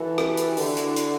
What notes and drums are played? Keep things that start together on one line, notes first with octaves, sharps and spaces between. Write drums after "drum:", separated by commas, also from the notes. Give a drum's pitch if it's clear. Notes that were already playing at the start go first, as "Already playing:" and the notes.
Already playing: E3 F#4 A4
G4 B4, drum: rim click
B4
F#4 A4, drum: hi-hat
D3 E4 G4, drum: open hi-hat
D4 F#4
E4, drum: hi-hat
D4
D4, drum: hi-hat